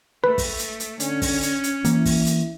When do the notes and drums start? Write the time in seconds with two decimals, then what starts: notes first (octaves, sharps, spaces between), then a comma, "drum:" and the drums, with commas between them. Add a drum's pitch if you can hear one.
0.24 A3 B4
0.38 drum: kick, open hi-hat
0.59 drum: hi-hat
0.80 drum: hi-hat
1.00 D3 C#4, drum: hi-hat
1.22 drum: kick, open hi-hat
1.43 drum: hi-hat
1.64 drum: hi-hat
1.84 E3 A#3 E4, drum: hi-hat
2.05 drum: kick, open hi-hat
2.26 drum: hi-hat